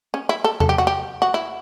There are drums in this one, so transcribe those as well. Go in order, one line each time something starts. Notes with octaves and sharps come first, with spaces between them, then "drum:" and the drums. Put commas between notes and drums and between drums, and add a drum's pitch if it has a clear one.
C#4
E4
A4
A4, drum: tom E2
G4
F#4
G4
F#4
E4